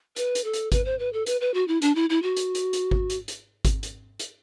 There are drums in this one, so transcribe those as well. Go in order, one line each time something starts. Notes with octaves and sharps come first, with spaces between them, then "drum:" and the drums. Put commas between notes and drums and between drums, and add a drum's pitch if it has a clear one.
B4, drum: hi-hat
drum: hi-hat
A4
drum: hi-hat
B4, drum: kick G#1, hi-hat
C5
B4
A4
B4, drum: hi-hat
B4
F#4
E4
D4, drum: hi-hat
E4
E4
F#4
drum: hi-hat
drum: hi-hat
drum: hi-hat
drum: kick G#1
drum: hi-hat
drum: hi-hat
drum: kick G#1, hi-hat
drum: hi-hat
drum: hi-hat